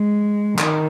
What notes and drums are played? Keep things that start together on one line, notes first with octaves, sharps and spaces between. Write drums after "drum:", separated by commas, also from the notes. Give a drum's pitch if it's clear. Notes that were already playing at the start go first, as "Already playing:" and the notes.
Already playing: G#3
D#3, drum: clap